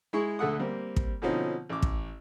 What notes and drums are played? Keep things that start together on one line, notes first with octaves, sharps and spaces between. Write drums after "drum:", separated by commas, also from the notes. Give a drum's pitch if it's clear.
G#3 E4 G#4 C#6
D2 D3 A3 E5 F#5 D#6
G3 A#3 C4
drum: kick
B2 D3 F3 C4 C#4 D#4
A1 D6
drum: kick